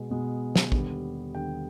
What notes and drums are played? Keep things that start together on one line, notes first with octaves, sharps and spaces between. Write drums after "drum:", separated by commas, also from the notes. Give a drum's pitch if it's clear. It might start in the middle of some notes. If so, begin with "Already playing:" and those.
Already playing: B2 G#3 B3
B2 G#3 B3
drum: snare
D#2 D3 G3 B3, drum: kick A1
D#2 D3 G3 B3 G5